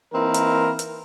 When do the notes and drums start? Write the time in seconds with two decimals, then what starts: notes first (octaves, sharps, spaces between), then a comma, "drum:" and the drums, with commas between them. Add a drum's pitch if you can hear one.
0.12 E3 A#3 C4 D#4 E4 A#4
0.34 drum: hi-hat
0.79 drum: hi-hat